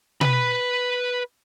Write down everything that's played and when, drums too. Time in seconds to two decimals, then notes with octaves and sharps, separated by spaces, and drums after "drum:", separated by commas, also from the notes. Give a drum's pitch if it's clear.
0.21 B4 B5, drum: tom B2